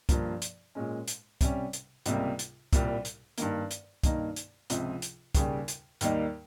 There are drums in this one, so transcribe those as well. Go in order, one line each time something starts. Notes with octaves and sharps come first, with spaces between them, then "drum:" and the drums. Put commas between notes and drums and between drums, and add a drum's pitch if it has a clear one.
G2 F3 A#3, drum: kick, hi-hat
drum: hi-hat
A#2 G#3 C#4
drum: hi-hat
C3 G3 C#4, drum: kick, hi-hat
drum: hi-hat
C#2 C3 G3 A#3, drum: hi-hat
drum: hi-hat
C2 A#2 G3, drum: kick, hi-hat
drum: hi-hat
G2 D#3 A#3, drum: hi-hat
drum: hi-hat
G2 D#3 A#3 D#4, drum: kick, hi-hat
drum: hi-hat
C#2 C3 F3, drum: hi-hat
drum: hi-hat
D#2 C#3 G3, drum: kick, hi-hat
drum: hi-hat
D#2 D#3 G3 A#3 D#4, drum: hi-hat